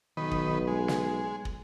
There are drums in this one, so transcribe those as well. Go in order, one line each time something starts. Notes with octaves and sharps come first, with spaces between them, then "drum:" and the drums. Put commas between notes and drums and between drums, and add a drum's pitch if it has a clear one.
B1 D#3 B4
drum: kick
G#3
drum: snare
drum: kick